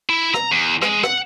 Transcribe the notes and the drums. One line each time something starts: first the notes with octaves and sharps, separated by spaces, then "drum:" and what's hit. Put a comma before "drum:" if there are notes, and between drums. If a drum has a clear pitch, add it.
E4
A#5, drum: rim click
E2
G#3, drum: rim click
F#5, drum: rim click